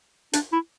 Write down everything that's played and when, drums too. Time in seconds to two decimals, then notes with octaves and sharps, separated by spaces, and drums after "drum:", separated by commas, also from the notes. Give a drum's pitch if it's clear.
0.33 D4, drum: hi-hat
0.52 E4